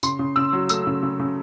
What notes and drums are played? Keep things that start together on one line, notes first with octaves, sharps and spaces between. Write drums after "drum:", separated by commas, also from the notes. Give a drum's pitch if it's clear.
C#3 C6, drum: tambourine
C#3
C#3 E6
F#3
A3 E6, drum: tambourine
C#3
C#3
C#3